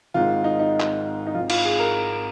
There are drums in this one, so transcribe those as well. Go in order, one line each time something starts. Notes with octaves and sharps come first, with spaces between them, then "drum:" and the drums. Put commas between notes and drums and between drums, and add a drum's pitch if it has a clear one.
G#1 G#2 D#3 F4
D#4
D#4
drum: clap
D#4
G#1 G#2 D#3 F4
F4, drum: cymbal
G#4
A#4